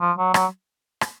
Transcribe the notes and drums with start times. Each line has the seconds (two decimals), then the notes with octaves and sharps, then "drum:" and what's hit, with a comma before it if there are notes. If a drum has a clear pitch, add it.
0.01 F3
0.18 F#3
0.34 F#3, drum: rim click
1.01 drum: rim click